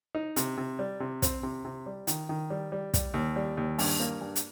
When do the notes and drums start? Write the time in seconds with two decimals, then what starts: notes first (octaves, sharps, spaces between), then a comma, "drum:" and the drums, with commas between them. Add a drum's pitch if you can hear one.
0.15 D#4
0.36 C3, drum: hi-hat
0.57 C3
0.79 G3
1.00 C3
1.22 C4, drum: kick, hi-hat
1.43 C3
1.65 C3
1.86 G3
2.07 D#3, drum: hi-hat
2.29 D#3
2.50 G3
2.72 G3
2.94 G3, drum: kick, hi-hat
3.14 D#2
3.36 G3
3.57 D#2
3.79 G2, drum: open hi-hat
4.00 A#3
4.21 G2
4.36 drum: hi-hat